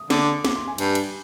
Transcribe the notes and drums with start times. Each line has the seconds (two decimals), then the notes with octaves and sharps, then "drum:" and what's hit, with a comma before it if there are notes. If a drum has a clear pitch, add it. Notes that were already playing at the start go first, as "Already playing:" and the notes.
Already playing: D#6
0.10 D3 D6, drum: snare
0.45 D6, drum: snare
0.56 C6
0.68 G#5
0.78 G2, drum: cymbal
0.95 drum: cymbal